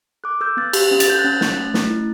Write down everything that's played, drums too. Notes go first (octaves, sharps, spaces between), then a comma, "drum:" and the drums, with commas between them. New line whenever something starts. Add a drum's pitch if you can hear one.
A4 D6 F#6
A4 E6 G6
B3 F#6 A6
G4, drum: cymbal
C#4
A6, drum: hi-hat
A4 G6
F#6 A6
C#4
C#4, drum: snare
A3
A3, drum: snare
E4